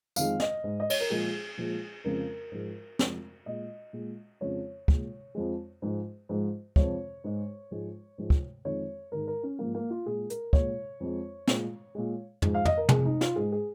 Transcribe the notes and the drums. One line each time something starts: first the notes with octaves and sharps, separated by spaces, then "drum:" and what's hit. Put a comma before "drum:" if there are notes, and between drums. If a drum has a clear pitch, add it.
F2 D#3 G#3 F5, drum: tambourine
D#5, drum: snare
G#2 G#3
D#5
C#5, drum: cymbal
A#4
A#2 F3 G#3 G#4
A#2 F3 G#3
F2 C#3 F3 G#3 A#4
G#2 F3 G#3
F2 F3 G#3, drum: snare
A#2 G#3 D#5
A#2 G#3
F2 C#3 F3 G#3 C#5
A#2 G#3, drum: kick
F2 F3 G#3
G#2 F3 G#3
G#2 F3 G#3
F2 F3 G#3 C#5, drum: kick
G#2 G#3
G#2 F3 G#3
G#2 F3 G#3
drum: kick
F2 D#3 G#3 C#5
G#2 D#3 G#3 A#4
A#4
C#4
G#2 F3 G#3 A#3
A#3
F4
A#2 G#3 G#4
A#4, drum: hi-hat
A#2 G#3 C#5, drum: kick
F2 F3 G#3
A#2 G#3, drum: snare
A#2 G#3
G#2 F3 G#3, drum: tom
F5
D#5, drum: tom
A#4
F2 F3 G#3 G#4, drum: tom
D#4
F4, drum: snare
G#2 G#3 G#4
G#4